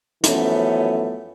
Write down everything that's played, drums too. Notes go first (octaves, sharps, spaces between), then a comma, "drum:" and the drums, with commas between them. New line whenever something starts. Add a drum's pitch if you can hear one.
F#2 E3 F3 A3 B3 C#4, drum: hi-hat